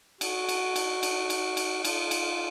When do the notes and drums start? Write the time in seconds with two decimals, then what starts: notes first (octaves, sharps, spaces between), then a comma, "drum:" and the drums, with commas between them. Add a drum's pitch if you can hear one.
0.21 F#4, drum: cymbal
0.49 drum: cymbal
0.76 drum: cymbal
1.03 drum: cymbal
1.30 drum: cymbal
1.57 drum: cymbal
1.85 F4, drum: cymbal
2.11 drum: cymbal